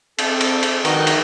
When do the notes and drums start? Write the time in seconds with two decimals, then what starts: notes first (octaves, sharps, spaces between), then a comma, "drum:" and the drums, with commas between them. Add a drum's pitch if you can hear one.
0.19 C4 A4, drum: cymbal
0.41 drum: cymbal
0.63 drum: cymbal
0.85 G#2 D3 D#3 F3 F#4 B4, drum: cymbal
1.07 drum: cymbal